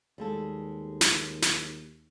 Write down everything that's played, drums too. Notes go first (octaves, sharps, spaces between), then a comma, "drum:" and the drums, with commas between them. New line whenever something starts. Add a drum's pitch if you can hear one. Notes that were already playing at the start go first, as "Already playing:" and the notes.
D#2 G3 G#3 A4
drum: snare
drum: snare